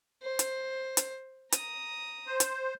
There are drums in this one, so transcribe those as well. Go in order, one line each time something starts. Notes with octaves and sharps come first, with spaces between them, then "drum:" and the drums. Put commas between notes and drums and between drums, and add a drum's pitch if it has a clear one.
C5
drum: hi-hat
drum: hi-hat
A#5 D#6, drum: hi-hat
C5
drum: hi-hat